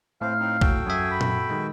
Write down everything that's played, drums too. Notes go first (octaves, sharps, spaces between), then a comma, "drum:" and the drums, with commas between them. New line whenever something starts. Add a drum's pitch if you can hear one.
A2 C4 C5 F5
C4 D#4
F#4 A4 G5, drum: kick
F#2 G#4 E5
B5
drum: tom A#2
D#3 G#3